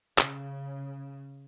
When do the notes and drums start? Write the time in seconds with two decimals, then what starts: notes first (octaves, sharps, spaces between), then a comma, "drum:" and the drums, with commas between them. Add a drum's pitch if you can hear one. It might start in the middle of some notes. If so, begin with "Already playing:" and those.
0.18 C#3, drum: clap